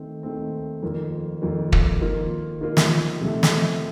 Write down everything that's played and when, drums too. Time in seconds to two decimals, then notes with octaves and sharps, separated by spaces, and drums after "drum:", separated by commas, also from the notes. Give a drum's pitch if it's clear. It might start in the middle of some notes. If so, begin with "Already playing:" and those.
Already playing: D#3 A3 C4
0.23 D#3 A3 C4
0.82 F2 D#3 A#3 F4
1.42 F2 D#3 A#3 F4
1.72 drum: kick
2.01 D#3 A#3 F4
2.61 D#3 A#3 F4
2.77 drum: snare
3.21 C3 F3 A3
3.43 drum: snare